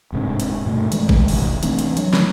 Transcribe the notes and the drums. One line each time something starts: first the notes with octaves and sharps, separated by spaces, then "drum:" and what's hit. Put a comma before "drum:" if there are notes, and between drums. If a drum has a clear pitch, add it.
D1 G#2 C3 D4
drum: hi-hat
G2 B2 A3
E3 F3 G#3 A3, drum: hi-hat
drum: kick G#1
D1 C3, drum: open hi-hat
E3 A3 C4 D4, drum: hi-hat
drum: hi-hat
F#3, drum: hi-hat
drum: snare